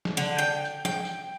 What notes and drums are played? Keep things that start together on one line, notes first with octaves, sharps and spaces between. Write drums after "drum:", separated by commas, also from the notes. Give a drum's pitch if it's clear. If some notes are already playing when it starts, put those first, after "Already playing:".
drum: snare
D3
G5
drum: tambourine
G5, drum: snare
drum: tambourine